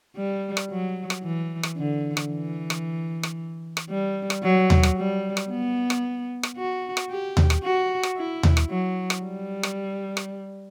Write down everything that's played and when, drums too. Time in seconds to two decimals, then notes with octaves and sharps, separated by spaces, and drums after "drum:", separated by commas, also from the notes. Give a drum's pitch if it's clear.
0.16 G3
0.57 drum: rim click
0.70 F#3
1.10 drum: rim click
1.23 E3
1.63 drum: rim click
1.77 D3
2.17 drum: rim click
2.30 E3
2.70 drum: rim click
3.23 drum: rim click
3.77 drum: rim click
3.89 G3
4.30 drum: rim click
4.44 F#3
4.70 drum: tom D#2
4.83 drum: rim click
4.97 G3
5.37 drum: rim click
5.50 B3
5.90 drum: rim click
6.43 drum: rim click
6.57 F#4
6.97 drum: rim click
7.10 G4
7.37 drum: tom D#2
7.50 drum: rim click
7.63 F#4
8.03 drum: rim click
8.17 E4
8.43 drum: tom D#2
8.57 drum: rim click
8.70 F#3
9.10 drum: rim click
9.23 G3
9.63 drum: rim click
10.17 drum: rim click